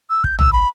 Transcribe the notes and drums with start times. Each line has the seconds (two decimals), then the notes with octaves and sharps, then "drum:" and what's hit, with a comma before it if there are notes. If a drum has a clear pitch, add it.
0.10 E6
0.24 G6, drum: kick
0.39 E6, drum: tom A#1
0.53 B5